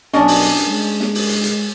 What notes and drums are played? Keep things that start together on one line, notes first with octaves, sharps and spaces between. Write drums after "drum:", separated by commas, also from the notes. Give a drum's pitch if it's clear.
B1 C#4 D4 D#5, drum: snare
drum: open hi-hat
drum: hi-hat
drum: hi-hat
G#3
drum: snare
drum: open hi-hat
drum: hi-hat
drum: hi-hat